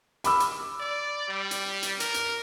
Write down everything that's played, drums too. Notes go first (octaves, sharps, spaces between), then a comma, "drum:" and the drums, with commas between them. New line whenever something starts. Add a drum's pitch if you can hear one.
B5 D6 E6, drum: hi-hat
drum: hi-hat
D5
G3
drum: hi-hat
drum: hi-hat
A#4, drum: hi-hat
drum: hi-hat